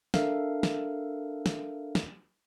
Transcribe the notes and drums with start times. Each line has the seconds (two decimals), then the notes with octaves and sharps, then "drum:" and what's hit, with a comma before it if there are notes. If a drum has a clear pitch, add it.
0.14 D4 A4 A#4 E5 F5, drum: snare
0.63 drum: snare
1.46 drum: snare
1.95 drum: snare